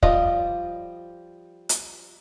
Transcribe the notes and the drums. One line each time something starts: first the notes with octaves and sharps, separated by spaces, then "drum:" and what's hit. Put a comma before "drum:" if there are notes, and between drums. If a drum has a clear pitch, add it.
F3 G3 F4 D5 D#5, drum: kick
drum: hi-hat